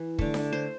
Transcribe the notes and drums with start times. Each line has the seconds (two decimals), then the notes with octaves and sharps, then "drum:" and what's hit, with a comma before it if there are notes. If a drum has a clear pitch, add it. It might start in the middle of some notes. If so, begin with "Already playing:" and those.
Already playing: E3
0.19 D3 A3, drum: kick
0.34 drum: snare D4
0.52 C5